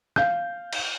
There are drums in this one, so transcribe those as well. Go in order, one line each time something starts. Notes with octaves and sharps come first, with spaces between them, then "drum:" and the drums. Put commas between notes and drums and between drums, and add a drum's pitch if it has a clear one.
F5 G6, drum: rim click
drum: cymbal